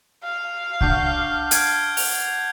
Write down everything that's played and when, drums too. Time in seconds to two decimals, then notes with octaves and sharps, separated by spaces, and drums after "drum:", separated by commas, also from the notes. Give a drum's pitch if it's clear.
0.23 F5
0.81 D4 F#4 F6 G6 C7, drum: kick C2
1.51 F6 G#6 D7, drum: hi-hat
1.97 F7, drum: open hi-hat